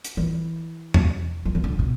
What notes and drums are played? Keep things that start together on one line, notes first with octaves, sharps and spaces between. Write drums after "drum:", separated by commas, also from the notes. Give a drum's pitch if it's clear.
drum: hi-hat
E3
drum: tom E2
F3
E3
D3
B2